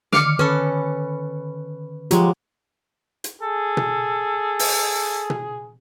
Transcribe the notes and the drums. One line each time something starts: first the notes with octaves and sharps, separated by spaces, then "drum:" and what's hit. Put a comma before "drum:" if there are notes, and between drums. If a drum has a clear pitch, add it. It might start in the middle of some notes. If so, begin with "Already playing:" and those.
D3 D#3 F5 D6 F6 C#7, drum: snare
C#4 A4 B4
F3 F#3 G#3 F4 G4 F#5 A#5, drum: hi-hat
drum: hi-hat
G#4 A4
drum: tom B2
drum: open hi-hat
drum: tom B2